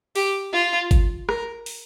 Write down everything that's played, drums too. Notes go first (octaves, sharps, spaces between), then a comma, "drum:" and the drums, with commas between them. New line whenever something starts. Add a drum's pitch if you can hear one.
G4, drum: open hi-hat
F4
drum: kick G#1, hi-hat
A#4, drum: rim click
drum: open hi-hat